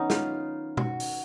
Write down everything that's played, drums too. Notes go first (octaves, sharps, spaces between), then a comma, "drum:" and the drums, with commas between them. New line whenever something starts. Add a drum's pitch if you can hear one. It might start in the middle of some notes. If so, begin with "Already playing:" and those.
Already playing: D#3 F#3 B3 C#4 D#4
F4, drum: snare
F#4, drum: tom
drum: open hi-hat